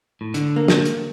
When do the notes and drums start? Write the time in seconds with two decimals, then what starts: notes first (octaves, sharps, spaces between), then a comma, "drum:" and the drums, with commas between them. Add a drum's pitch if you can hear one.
0.21 A2
0.34 D3, drum: hi-hat
0.56 A#3
0.68 drum: snare
0.85 drum: hi-hat